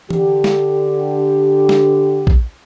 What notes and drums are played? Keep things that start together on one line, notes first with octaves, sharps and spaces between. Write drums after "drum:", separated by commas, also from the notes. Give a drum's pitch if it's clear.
D3 G4, drum: tom E3
drum: snare
drum: snare
drum: kick A#1